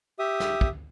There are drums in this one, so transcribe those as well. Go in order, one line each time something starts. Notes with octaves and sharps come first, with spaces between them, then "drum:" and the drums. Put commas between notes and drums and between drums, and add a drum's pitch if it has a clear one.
G4 E5 D#6
drum: snare
drum: kick